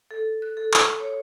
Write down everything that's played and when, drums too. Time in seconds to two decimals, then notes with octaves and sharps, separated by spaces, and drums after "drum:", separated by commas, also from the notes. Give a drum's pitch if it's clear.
0.11 A4
0.42 F#6
0.57 A4
0.74 drum: clap
1.00 C#5